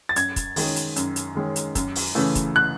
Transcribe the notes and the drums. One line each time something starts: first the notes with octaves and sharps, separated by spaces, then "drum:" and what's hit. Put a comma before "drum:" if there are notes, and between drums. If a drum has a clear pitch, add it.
A6
F#2 G#6, drum: hi-hat
drum: kick, hi-hat
D#3 G#3 C#4, drum: open hi-hat
drum: hi-hat
F#2, drum: hi-hat
drum: hi-hat
D#3 G#3 C#4
drum: hi-hat
F#2, drum: kick, hi-hat
drum: open hi-hat
C#3 E3 A3
drum: kick, hi-hat
F#6